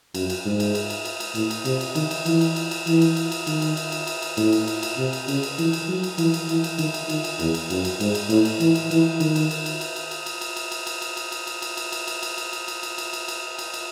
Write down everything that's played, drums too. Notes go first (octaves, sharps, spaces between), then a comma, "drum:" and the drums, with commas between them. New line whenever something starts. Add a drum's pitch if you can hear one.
F#2, drum: cymbal
drum: cymbal
G#2
drum: cymbal
drum: cymbal
drum: cymbal
drum: cymbal
drum: cymbal
A2, drum: cymbal
drum: cymbal
C3, drum: cymbal
drum: cymbal
D#3, drum: cymbal
drum: cymbal
E3, drum: cymbal
drum: cymbal
drum: cymbal
drum: cymbal
E3, drum: cymbal
drum: cymbal
drum: cymbal
drum: cymbal
D#3, drum: cymbal
drum: cymbal
drum: cymbal
drum: cymbal
drum: cymbal
drum: cymbal
A2, drum: cymbal
drum: cymbal
drum: cymbal
drum: cymbal
C3
drum: cymbal
C#3, drum: cymbal
drum: cymbal
E3, drum: cymbal
drum: cymbal
F#3
drum: cymbal
E3, drum: cymbal
drum: cymbal
E3, drum: cymbal
drum: cymbal
D#3, drum: cymbal
drum: cymbal
D#3, drum: cymbal
drum: cymbal
E2, drum: cymbal
drum: cymbal
F#2, drum: cymbal
drum: cymbal
G#2, drum: cymbal
drum: cymbal
A2, drum: cymbal
drum: cymbal
E3, drum: cymbal
drum: cymbal
E3, drum: cymbal
D#3, drum: cymbal
drum: cymbal
drum: cymbal
drum: cymbal
drum: cymbal
drum: cymbal
drum: cymbal
drum: cymbal
drum: cymbal
drum: cymbal
drum: cymbal
drum: cymbal
drum: cymbal
drum: cymbal
drum: cymbal
drum: cymbal
drum: cymbal
drum: cymbal
drum: cymbal
drum: cymbal
drum: cymbal
drum: cymbal
drum: cymbal
drum: cymbal
drum: cymbal
drum: cymbal
drum: cymbal
drum: cymbal
drum: cymbal
drum: cymbal